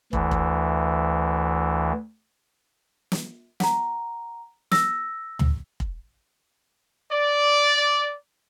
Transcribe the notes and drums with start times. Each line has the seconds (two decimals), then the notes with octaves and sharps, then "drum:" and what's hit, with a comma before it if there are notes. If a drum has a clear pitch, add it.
0.13 D2 E3, drum: kick
0.31 drum: kick
3.12 drum: snare
3.60 F#5 A#5, drum: snare
4.71 E6 A#6, drum: snare
5.39 drum: tom
5.80 drum: kick
7.11 D5